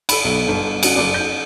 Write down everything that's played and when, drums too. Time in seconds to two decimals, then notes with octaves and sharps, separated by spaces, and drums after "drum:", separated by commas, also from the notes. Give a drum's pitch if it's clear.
0.09 A4 B5, drum: cymbal
0.25 B1
0.48 G1
0.83 C#4 F#4, drum: cymbal
0.96 F#1 D5
1.14 G6